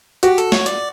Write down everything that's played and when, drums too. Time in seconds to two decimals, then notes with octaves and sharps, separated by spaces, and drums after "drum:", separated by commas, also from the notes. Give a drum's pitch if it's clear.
0.23 F#4 G4, drum: hi-hat
0.38 A4, drum: hi-hat
0.52 C#5, drum: snare
0.66 D5, drum: hi-hat